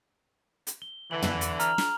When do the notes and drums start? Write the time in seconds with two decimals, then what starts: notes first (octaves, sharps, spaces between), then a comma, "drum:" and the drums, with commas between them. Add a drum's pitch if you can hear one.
0.67 drum: hi-hat
0.82 G7
1.11 D3 E3 F#7
1.22 drum: tom
1.41 drum: hi-hat
1.60 A#5 F6 F7, drum: hi-hat
1.78 drum: snare